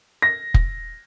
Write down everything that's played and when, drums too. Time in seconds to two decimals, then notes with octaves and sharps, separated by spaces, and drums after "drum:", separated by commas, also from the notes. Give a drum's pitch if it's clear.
0.22 A#6
0.54 drum: kick F1